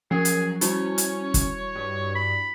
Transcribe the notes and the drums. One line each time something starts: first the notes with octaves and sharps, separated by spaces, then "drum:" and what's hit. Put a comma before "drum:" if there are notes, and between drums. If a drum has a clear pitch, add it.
F3 F#3 C#4 G#4 A#4
drum: hi-hat
G3 C#4 E4 F#4 C#5, drum: hi-hat
drum: hi-hat
drum: kick, hi-hat
G2
B5